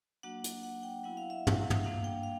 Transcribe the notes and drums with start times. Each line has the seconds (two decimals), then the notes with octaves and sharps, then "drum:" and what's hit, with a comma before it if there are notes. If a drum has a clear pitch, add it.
0.23 F#3 A#3 D4 F#4 F#5
0.44 drum: hi-hat
0.63 F#5
0.83 G5
1.03 F#3 B3 E4 F#5
1.17 F5
1.30 E5
1.47 drum: tom
1.70 drum: tom
1.84 G3 A#3 D4 F4 F5
2.04 G5
2.23 F5